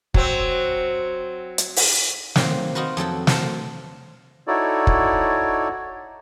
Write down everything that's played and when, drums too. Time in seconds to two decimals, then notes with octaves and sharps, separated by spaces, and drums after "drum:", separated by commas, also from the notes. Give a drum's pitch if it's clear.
0.14 F#3 C4, drum: kick
1.58 drum: hi-hat
1.76 drum: open hi-hat
2.36 D#3 F#3 A#3 C4, drum: snare
2.75 D#4 F4 F#4 A#4 B4
2.97 F2 F#3 A4 G5
3.27 A#4 C5 F#5 A5 C6, drum: snare
4.47 D#4 E4 F#4 A4 C#5 D5
4.87 drum: kick